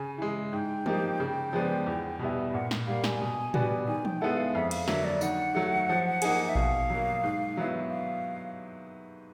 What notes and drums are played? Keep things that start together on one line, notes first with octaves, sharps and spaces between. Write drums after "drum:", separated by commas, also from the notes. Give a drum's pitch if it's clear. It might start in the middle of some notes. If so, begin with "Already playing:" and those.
Already playing: C#3 G#5
E3 G#3
G#2 G5
F3 A#3 D#4 G4, drum: tom
C#3
F3 G#3 B3 D4
E2
B2 G3 B3 E4
A#2 F#5
drum: snare
G3 A#3 F5
G#5, drum: snare
B2
G3 B3 D4 F#4, drum: tom
D#3 G#5
G5, drum: tom E3
G#3 B3 E4 A4 F#5
F5
F2 E5
F5, drum: cymbal
D3 F#3 A#3 E5, drum: snare
D5
D#3 F#5, drum: tambourine
F#3 A3
F3
A#3 D#4 G#4, drum: cymbal
E5
B2 F5, drum: kick A#1
F#3 A#3
G#2
D#3 F#3 B3 E4
F5